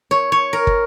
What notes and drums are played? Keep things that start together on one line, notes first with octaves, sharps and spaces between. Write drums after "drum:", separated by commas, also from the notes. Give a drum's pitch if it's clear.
C#5
C#5
A#4
drum: kick